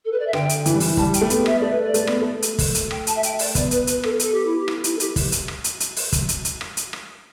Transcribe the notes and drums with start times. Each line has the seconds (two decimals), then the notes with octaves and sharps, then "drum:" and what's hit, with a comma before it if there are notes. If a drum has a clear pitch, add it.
0.05 A4
0.11 B4
0.19 D5
0.26 E5
0.33 D3 G5, drum: rim click
0.49 drum: hi-hat
0.66 E3, drum: hi-hat
0.72 G3
0.80 E3, drum: open hi-hat
0.97 G3 A5, drum: kick
1.14 G5, drum: hi-hat
1.21 A3
1.30 B3, drum: hi-hat
1.46 E5, drum: rim click
1.58 A3 D5
1.70 B4
1.83 D5
1.94 A3, drum: hi-hat
2.07 B3, drum: rim click
2.21 A3
2.42 drum: hi-hat
2.59 drum: kick, open hi-hat
2.75 drum: hi-hat
2.91 G5, drum: rim click
3.07 A5, drum: hi-hat
3.15 E5
3.23 G5, drum: hi-hat
3.39 D5, drum: open hi-hat
3.55 B3 D5, drum: kick, hi-hat
3.71 B4, drum: hi-hat
3.87 B4, drum: hi-hat
4.03 A4, drum: rim click
4.20 A4, drum: hi-hat
4.32 G4
4.45 E4
4.58 G4
4.68 drum: rim click
4.84 E4, drum: hi-hat
4.95 A4
5.00 G4, drum: hi-hat
5.16 drum: kick, open hi-hat
5.32 drum: hi-hat
5.48 drum: rim click
5.64 drum: hi-hat
5.80 drum: hi-hat
5.96 drum: open hi-hat
6.12 drum: kick, hi-hat
6.29 drum: hi-hat
6.45 drum: hi-hat
6.61 drum: rim click
6.77 drum: hi-hat
6.93 drum: rim click